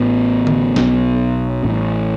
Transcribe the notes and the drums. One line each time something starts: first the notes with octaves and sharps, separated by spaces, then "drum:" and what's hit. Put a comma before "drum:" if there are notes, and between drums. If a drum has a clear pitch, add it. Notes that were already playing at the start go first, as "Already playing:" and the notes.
Already playing: A1 A2 B3
drum: tom D3
B1 B2, drum: snare
A1 A2